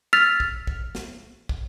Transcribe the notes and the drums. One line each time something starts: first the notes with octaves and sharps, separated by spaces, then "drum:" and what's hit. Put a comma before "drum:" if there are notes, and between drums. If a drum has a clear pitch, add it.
E6 F6 A6 B6 F7
drum: kick
drum: kick
drum: snare
drum: kick